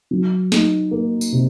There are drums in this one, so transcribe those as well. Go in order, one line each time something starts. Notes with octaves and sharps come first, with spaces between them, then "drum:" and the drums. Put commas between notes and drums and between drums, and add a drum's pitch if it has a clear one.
F#3
D#4, drum: snare
A#3
drum: tambourine
C3